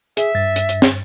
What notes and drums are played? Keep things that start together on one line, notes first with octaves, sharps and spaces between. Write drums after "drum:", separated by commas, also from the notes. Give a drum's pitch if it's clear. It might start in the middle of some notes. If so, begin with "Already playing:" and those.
G#4 E5, drum: hi-hat
G2 A6
drum: hi-hat
drum: hi-hat
drum: snare